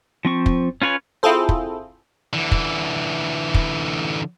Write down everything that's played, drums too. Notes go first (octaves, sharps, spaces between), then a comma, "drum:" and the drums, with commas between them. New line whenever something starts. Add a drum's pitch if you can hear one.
F3 C4 C#6
drum: kick
C#4 F4 B4 C#5 G#5
C4 E4 F4 G#4 A4 C5
drum: kick
D3 E3
drum: kick
drum: kick